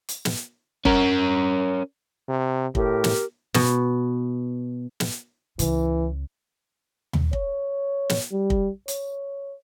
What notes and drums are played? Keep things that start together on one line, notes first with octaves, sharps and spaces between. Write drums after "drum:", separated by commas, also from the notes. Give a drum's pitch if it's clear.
drum: hi-hat
drum: snare
C#4 A#4, drum: kick
C3
A2 G4 A#4, drum: kick
drum: snare
B2, drum: snare
drum: snare
C#2 C#3 E3, drum: hi-hat
drum: tom D#2
C#5, drum: kick
drum: snare
G3
drum: kick
C#5, drum: hi-hat